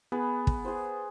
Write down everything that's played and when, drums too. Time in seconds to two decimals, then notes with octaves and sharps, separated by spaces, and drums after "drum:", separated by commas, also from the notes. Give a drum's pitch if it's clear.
0.12 B3 G#4 B4
0.47 drum: kick
0.65 G#4 C5